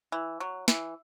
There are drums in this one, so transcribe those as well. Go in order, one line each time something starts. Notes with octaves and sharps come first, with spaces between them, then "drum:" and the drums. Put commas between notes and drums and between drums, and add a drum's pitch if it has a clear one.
E3
F#3
E3, drum: snare